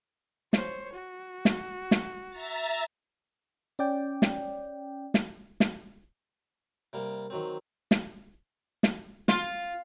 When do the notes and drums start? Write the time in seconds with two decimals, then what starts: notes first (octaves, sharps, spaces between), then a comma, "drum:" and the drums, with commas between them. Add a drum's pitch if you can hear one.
0.53 C5 C#5, drum: snare
0.93 F#4
1.45 drum: snare
1.91 drum: snare
2.30 E5 A#5 A6
3.79 C#4 D5 G5
4.22 drum: snare
5.14 drum: snare
5.60 drum: snare
6.93 C3 G3 A#3
7.30 D#3 F#3 C4
7.91 drum: snare
8.83 drum: snare
9.28 F4, drum: snare